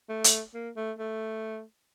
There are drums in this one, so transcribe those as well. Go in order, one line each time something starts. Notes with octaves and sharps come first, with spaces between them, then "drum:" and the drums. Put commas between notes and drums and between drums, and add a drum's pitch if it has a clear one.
A3
drum: hi-hat
A#3
A3
A3